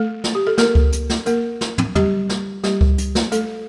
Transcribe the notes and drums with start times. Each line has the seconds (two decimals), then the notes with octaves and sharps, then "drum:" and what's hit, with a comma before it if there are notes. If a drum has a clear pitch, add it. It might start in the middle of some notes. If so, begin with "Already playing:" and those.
Already playing: A3 A4
0.24 drum: snare
0.35 G4
0.47 A4
0.58 A#3 A#4, drum: snare
0.75 drum: kick C#2
0.92 drum: hi-hat
1.10 drum: snare
1.26 A#3 A#4, drum: hi-hat
1.61 drum: snare
1.78 drum: tom
1.95 G3 G4, drum: tom
2.29 drum: snare
2.64 G3 G4, drum: snare
2.81 drum: kick C#2
2.98 drum: hi-hat
3.15 drum: snare
3.32 A3 A4, drum: hi-hat